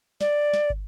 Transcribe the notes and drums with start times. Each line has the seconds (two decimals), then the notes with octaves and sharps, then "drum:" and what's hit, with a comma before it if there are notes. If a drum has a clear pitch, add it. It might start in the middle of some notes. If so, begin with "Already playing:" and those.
0.21 D5, drum: snare
0.53 drum: snare
0.70 drum: kick